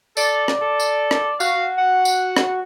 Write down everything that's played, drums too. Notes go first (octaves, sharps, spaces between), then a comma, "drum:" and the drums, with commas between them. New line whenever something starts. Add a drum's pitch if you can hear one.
A4 D5, drum: tambourine
drum: rim click
A4
drum: tambourine
drum: rim click
F#4 F5, drum: tambourine
F#5
drum: tambourine
drum: rim click